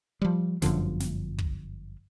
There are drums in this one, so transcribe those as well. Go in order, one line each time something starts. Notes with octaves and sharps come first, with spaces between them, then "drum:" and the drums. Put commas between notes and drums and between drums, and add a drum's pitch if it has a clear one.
F3 G3
G1 F#2 D3 F3, drum: snare
drum: snare
drum: kick